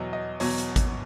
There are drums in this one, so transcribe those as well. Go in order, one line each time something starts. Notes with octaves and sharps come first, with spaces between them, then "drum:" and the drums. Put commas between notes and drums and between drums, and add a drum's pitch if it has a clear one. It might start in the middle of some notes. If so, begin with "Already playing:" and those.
Already playing: E2 B2 F#3 D#5
D#5
E2 B2 F#3 C#5, drum: open hi-hat
drum: hi-hat
drum: kick G#1, hi-hat